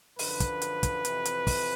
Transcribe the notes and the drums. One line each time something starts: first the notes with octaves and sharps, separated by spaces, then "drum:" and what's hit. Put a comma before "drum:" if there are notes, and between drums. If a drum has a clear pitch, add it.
F#2 D3 F3 B4, drum: open hi-hat
drum: kick, hi-hat
drum: hi-hat
drum: kick, hi-hat
F2 C3 E3, drum: hi-hat
drum: hi-hat
drum: kick, open hi-hat